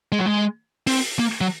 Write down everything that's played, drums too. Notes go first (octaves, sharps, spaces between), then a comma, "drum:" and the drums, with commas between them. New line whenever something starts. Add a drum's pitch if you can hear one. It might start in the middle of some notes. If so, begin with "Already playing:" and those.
G#3
F#3
G#3
C4, drum: open hi-hat
A#3
F#3